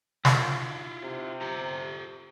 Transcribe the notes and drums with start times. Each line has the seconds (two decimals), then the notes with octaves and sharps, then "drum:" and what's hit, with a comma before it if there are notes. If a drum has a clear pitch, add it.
0.25 E4 F4, drum: snare
1.04 C3
1.41 F4 G4 A#5